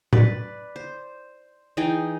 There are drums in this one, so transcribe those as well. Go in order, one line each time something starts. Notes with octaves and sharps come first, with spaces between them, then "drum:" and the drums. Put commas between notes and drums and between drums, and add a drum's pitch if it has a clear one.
B4 D5, drum: tom A2
C5
E3 D#4 G#4 G5